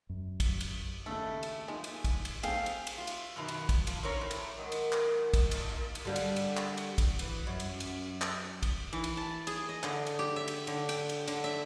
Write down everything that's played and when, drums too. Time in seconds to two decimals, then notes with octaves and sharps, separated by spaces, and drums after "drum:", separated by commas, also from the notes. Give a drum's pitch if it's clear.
0.09 F#2
0.40 drum: kick, cymbal
0.60 drum: cymbal
1.06 D#2 A2 C#3 A3
1.43 drum: cymbal
1.68 F3 G#3 A#3 D#4
1.84 drum: cymbal
2.04 drum: kick, cymbal
2.25 drum: cymbal
2.43 A3 C4 G#4 F5 G5, drum: cymbal
2.66 drum: cymbal
2.87 drum: cymbal
2.98 F4
3.07 drum: cymbal
3.36 F#2 B2 D#3
3.48 drum: cymbal
3.69 drum: kick, cymbal
3.87 F3, drum: cymbal
4.03 C4 C#4 A#4 C#5
4.21 A2
4.31 drum: cymbal
4.57 D#3 F#3 G#3 D#4
4.72 drum: cymbal
4.92 drum: clap
5.07 D#4
5.34 drum: kick, cymbal
5.51 D#4 F4 A4 D5, drum: cymbal
5.68 A#3 D#4
5.95 drum: cymbal
6.05 D3 G3 A#3
6.16 drum: cymbal
6.36 drum: cymbal
6.57 drum: clap
6.77 drum: cymbal
6.98 drum: kick, cymbal
7.19 E3, drum: cymbal
7.47 F#2
7.60 drum: cymbal
7.80 drum: cymbal
8.21 drum: clap
8.63 drum: kick, cymbal
8.93 E3
9.04 drum: cymbal
9.17 A5
9.47 G#4, drum: cymbal
9.69 D#5
9.83 D3, drum: clap
10.07 drum: cymbal
10.19 G4
10.36 E5
10.48 drum: cymbal
10.67 D3, drum: cymbal
10.89 G5, drum: cymbal
11.09 drum: cymbal
11.28 D3, drum: cymbal
11.44 E5